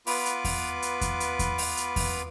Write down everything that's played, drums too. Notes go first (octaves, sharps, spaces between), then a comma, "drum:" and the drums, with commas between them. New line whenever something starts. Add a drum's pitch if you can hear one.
B3 F4 B4 B5 D6, drum: open hi-hat
drum: hi-hat
drum: kick E2, open hi-hat
drum: hi-hat
drum: kick E2, hi-hat
drum: hi-hat
drum: kick E2, hi-hat
drum: open hi-hat
drum: hi-hat
drum: kick E2, open hi-hat